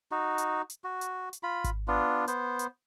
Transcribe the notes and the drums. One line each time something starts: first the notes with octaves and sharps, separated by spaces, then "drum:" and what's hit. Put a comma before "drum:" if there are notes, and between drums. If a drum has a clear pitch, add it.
D#4 F#4
drum: hi-hat
drum: hi-hat
F#4
drum: hi-hat
drum: hi-hat
F4 B5
drum: kick G#1, hi-hat
B3 D4 F4
B3 C5, drum: hi-hat
drum: hi-hat